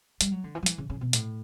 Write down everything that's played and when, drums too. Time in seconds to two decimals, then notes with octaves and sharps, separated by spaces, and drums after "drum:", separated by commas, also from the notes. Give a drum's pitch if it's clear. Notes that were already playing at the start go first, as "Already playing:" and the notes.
0.21 G3, drum: hi-hat
0.32 F#3
0.44 D3
0.55 E3
0.63 F#3
0.66 E3, drum: hi-hat
0.78 C#3
0.90 C#3
1.01 B2
1.13 A2, drum: hi-hat